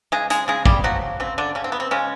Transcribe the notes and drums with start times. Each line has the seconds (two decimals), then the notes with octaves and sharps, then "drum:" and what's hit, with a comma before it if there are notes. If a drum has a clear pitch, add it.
0.12 C#3 G#3 G#4
0.30 G#3 G#4, drum: hi-hat
0.48 C#3 G#3 G#4
0.66 G3 G4, drum: kick
0.84 F3 F#3 F#4
1.20 C#3 C4
1.38 D3 D4
1.55 C#3 C#4
1.64 C4
1.72 B3
1.80 C4
1.91 C#3 G#3 C#4